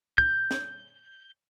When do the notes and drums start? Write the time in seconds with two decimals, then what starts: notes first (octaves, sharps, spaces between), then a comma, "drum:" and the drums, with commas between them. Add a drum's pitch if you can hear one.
0.18 G6, drum: kick
0.51 drum: snare